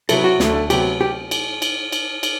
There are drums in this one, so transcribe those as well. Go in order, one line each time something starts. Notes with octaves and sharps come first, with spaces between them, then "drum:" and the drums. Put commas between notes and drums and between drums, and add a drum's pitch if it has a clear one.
C3 F#3 B3 E4 A4, drum: cymbal
F#4
D2 D3 A3, drum: snare
C3 F#3 B3 G4, drum: cymbal
G4
drum: cymbal
drum: cymbal
drum: cymbal
drum: cymbal